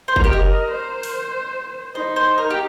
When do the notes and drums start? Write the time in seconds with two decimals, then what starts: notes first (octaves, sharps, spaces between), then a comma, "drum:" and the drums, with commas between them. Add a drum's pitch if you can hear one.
0.08 C5
0.16 A#4, drum: kick
0.24 G4
0.30 A#4 D#5
0.71 C5
1.03 drum: open hi-hat
1.95 D#4 C5
2.16 C5
2.38 A#4
2.50 G4